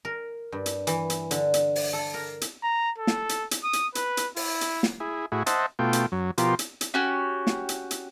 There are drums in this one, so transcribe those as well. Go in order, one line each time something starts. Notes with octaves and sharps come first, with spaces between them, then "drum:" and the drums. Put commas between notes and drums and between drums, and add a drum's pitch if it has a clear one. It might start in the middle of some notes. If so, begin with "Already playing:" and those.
A#4
G2
drum: hi-hat
E3, drum: hi-hat
drum: hi-hat
D3, drum: hi-hat
drum: hi-hat
drum: open hi-hat
A4
A#4
drum: hi-hat
A#5
A4
drum: snare
drum: hi-hat
drum: hi-hat
D#6
drum: hi-hat
B4, drum: hi-hat
drum: hi-hat
E4, drum: open hi-hat
drum: hi-hat
drum: snare
E4 G#4
A2 E4 F#4 G#4
C5 D#5 E5 F#5 A5, drum: hi-hat
B2 A3 F4 G5
drum: hi-hat
F#2 F#3
B2 F3 F4 G4 A#4 C6, drum: hi-hat
drum: hi-hat
drum: hi-hat
C#4 F#4 G4
drum: snare
drum: hi-hat
drum: hi-hat